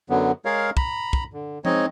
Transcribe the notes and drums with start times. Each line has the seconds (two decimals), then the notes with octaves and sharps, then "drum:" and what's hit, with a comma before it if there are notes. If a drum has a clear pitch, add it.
0.10 F#2 D3 F#3 B3
0.45 G#3 G#4 A#4 C#5 F5
0.77 A#5 B5, drum: kick
1.13 drum: kick
1.33 D3
1.65 G#3 C4 D#4 C#5 D#5, drum: tom F3